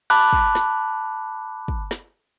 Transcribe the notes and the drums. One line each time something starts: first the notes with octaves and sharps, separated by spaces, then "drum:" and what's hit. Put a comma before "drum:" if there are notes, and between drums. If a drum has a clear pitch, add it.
A5 B5 D6 F#6
drum: kick
drum: snare
drum: kick
drum: snare